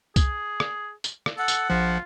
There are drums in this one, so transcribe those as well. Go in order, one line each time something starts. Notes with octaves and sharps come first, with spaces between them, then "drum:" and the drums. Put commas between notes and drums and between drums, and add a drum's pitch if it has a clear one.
G#4, drum: kick C2, tambourine
drum: rim click
drum: tambourine
drum: rim click
A4 F#5
drum: tambourine
A#1 F3 F4